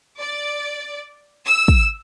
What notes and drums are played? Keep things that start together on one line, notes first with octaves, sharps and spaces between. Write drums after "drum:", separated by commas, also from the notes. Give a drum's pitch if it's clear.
D5
E6
drum: kick